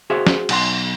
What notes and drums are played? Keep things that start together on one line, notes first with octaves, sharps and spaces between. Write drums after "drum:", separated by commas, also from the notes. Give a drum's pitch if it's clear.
F#4 G#4 C5 E5 F5
drum: snare
B1 F#5 C6, drum: cymbal